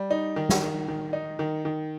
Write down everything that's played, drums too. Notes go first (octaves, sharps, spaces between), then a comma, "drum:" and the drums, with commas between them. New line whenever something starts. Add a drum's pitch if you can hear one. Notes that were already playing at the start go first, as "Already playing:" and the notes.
Already playing: G3
D#4
D#3
drum: snare
D#3
D#3
D#4
D#3
D#3